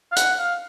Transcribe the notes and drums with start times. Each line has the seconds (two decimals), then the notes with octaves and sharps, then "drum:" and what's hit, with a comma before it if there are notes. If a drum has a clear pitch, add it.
0.12 F5
0.16 F#5, drum: hi-hat
0.39 F5